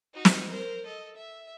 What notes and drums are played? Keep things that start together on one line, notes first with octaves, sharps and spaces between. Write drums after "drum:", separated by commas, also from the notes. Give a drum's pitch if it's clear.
D#4 F#4
drum: snare
A#4 C5
A4 D#5
E5